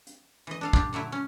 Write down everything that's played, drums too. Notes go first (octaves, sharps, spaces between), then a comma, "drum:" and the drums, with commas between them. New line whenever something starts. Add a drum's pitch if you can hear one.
drum: hi-hat
E3 D#5
D4 A4 F5
D4 F4 G4, drum: kick
D3 F#3 A3 E4
C#4